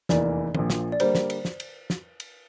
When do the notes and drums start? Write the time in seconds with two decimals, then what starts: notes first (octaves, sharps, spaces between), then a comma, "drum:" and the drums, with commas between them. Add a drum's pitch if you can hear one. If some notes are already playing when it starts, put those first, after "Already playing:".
0.09 F1 E2 E3 A#3 D5, drum: snare
0.55 A#1 A#2 F3, drum: tom D#3
0.70 drum: snare
0.92 D5
1.00 D3 G3 A#3 C5, drum: cymbal
1.15 drum: snare
1.30 drum: cymbal
1.45 drum: snare
1.60 drum: cymbal
1.90 drum: snare
2.20 drum: cymbal